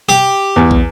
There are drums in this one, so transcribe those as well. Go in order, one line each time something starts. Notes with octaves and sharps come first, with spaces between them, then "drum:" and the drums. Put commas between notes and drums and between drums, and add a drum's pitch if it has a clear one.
G4
E2
drum: kick